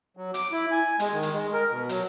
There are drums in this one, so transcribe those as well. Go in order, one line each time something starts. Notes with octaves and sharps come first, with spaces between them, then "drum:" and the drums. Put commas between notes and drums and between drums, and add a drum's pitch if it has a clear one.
F#3
D6, drum: hi-hat
E4
G#5
G#3, drum: hi-hat
D#3
drum: hi-hat
G#3
A#4
B2
F#3, drum: hi-hat